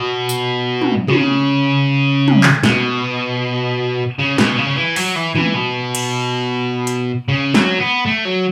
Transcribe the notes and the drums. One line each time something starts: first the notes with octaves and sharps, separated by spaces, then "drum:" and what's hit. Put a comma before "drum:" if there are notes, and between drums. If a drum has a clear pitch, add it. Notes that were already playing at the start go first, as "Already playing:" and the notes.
Already playing: B2
drum: tambourine
drum: tom
C#3, drum: tom
drum: tom
drum: clap
B2, drum: snare
C#3
B2, drum: snare
C#3
E3
F#3, drum: open hi-hat
E3
E3, drum: tom
B2
drum: cymbal
drum: hi-hat
C#3
F#3, drum: snare
B3
A3
F#3